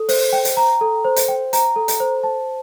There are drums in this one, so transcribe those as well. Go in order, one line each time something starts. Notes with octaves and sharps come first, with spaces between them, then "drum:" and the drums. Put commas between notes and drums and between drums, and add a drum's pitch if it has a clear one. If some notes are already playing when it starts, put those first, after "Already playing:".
Already playing: A4
C5, drum: open hi-hat
G5
drum: hi-hat
A#5
A4
C5
drum: hi-hat
G5
A#5, drum: hi-hat
A4
drum: hi-hat
C5
A5